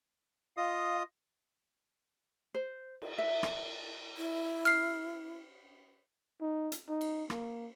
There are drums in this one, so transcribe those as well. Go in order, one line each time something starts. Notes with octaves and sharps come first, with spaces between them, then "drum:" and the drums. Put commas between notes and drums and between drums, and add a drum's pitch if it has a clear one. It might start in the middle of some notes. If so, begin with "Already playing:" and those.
F4 D#5 F5 D#6
C5
drum: cymbal
E5
drum: rim click
E4
F6 C7, drum: cymbal
D#4
drum: hi-hat
D#4
drum: cymbal
A#3, drum: rim click